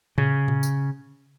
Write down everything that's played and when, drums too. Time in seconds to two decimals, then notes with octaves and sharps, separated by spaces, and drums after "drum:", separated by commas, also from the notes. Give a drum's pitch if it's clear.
0.18 C#3, drum: tom A2
0.48 drum: tom A2
0.63 drum: tambourine